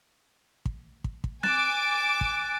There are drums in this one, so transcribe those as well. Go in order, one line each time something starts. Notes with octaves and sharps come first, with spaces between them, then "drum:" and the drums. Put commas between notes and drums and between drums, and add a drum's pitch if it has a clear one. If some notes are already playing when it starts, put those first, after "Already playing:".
drum: kick
drum: kick
drum: kick
G#5 D6 F#6 A6 E7, drum: snare C4
drum: kick